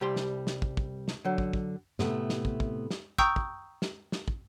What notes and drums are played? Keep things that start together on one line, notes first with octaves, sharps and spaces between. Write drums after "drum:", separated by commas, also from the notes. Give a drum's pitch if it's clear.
C2 G3 G4 C6
drum: snare
drum: snare
drum: kick
drum: kick
drum: snare
D3 F#3
drum: kick
drum: kick
A2 C3 A3 B3, drum: snare
drum: snare
drum: kick
drum: kick
drum: snare
G5 A#5 C#6 D#6 E6 G6, drum: kick
drum: kick
drum: snare
drum: snare
drum: kick